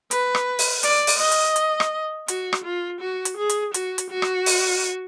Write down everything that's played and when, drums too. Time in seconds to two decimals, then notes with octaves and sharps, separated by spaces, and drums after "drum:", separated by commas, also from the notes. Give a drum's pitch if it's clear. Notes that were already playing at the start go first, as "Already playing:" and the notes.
0.11 B4, drum: hi-hat
0.35 drum: rim click
0.59 drum: open hi-hat
0.83 D5, drum: hi-hat
1.07 drum: open hi-hat
1.19 D#5
1.31 drum: hi-hat
1.56 drum: hi-hat
1.80 drum: rim click
2.28 F#4, drum: hi-hat
2.53 drum: rim click
2.64 F4
3.00 F#4
3.25 drum: hi-hat
3.37 G#4
3.49 drum: hi-hat
3.74 F#4, drum: hi-hat
3.98 drum: hi-hat
4.10 F#4
4.22 drum: rim click
4.46 drum: open hi-hat